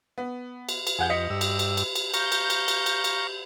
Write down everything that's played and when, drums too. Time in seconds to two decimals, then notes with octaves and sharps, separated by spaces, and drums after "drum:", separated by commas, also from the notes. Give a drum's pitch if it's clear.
0.18 B3
0.69 drum: cymbal
0.87 drum: cymbal
0.99 F2 G#4 F#5 G6
1.10 D#5 B6 C#7
1.30 G2 E6
1.41 drum: cymbal
1.59 drum: cymbal
1.77 drum: cymbal
1.95 drum: cymbal
2.14 F5 A#5 C#6 G6, drum: cymbal
2.32 drum: cymbal
2.50 drum: cymbal
2.68 drum: cymbal
2.86 drum: cymbal
3.04 drum: cymbal